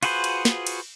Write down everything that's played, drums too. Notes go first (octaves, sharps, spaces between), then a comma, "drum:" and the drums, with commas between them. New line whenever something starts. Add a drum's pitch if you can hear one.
F4 F#4 G#4 B4 C5, drum: cymbal
drum: cymbal
drum: snare
drum: cymbal